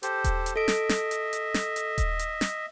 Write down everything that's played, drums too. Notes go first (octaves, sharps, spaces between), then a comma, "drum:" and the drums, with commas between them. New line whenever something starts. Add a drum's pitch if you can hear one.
G4 A4 C5, drum: hi-hat
drum: kick D#1, hi-hat
drum: hi-hat
A4 D#5 E5 D7
drum: snare
drum: snare
drum: hi-hat
drum: hi-hat
drum: snare
drum: hi-hat
drum: kick D#1, hi-hat
drum: hi-hat
drum: snare